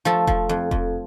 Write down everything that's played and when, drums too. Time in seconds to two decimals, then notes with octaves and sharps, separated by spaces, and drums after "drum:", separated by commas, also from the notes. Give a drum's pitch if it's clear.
0.05 F3 A3 A4
0.27 F3, drum: kick E1
0.49 F2
0.71 F2, drum: kick E1